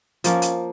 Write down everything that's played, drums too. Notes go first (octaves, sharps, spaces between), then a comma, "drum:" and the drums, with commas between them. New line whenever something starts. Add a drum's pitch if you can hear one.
F3 A#3 C#4, drum: hi-hat
drum: hi-hat